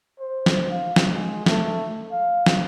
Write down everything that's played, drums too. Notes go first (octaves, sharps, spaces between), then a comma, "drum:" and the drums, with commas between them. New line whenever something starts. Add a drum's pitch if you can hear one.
C5
drum: snare
F5
drum: snare
G#3
A3, drum: snare
F5
drum: snare